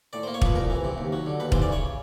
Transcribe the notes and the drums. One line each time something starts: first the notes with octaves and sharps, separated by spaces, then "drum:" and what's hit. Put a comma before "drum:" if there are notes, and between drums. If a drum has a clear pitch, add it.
A2 D5
A#3 C5
C#5
F3 B4, drum: kick
C2 A#4
E3
C3
D#2
F#3
D3
D#2 B4
E3 C5, drum: kick
D5
C#3 C#5